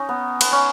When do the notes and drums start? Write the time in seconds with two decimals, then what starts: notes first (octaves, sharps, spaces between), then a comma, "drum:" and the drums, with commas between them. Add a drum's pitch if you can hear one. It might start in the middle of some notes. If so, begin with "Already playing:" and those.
Already playing: C#4 D#4
0.09 B3
0.41 B3, drum: cymbal
0.52 C#4